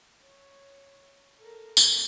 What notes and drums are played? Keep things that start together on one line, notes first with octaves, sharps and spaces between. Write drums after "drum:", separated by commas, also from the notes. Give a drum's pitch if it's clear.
C#5
A4 A#4
drum: tambourine